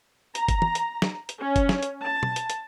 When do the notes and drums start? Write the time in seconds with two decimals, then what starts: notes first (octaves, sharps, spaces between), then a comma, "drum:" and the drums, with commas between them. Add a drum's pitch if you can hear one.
0.35 A#5, drum: hi-hat
0.48 drum: kick F#1, hi-hat
0.62 drum: tom
0.75 drum: hi-hat
1.02 drum: snare
1.29 drum: hi-hat
1.39 C#4
1.56 drum: kick F#1, hi-hat
1.69 drum: snare
1.83 drum: hi-hat
2.02 A5
2.23 drum: tom B2
2.36 drum: hi-hat
2.50 drum: hi-hat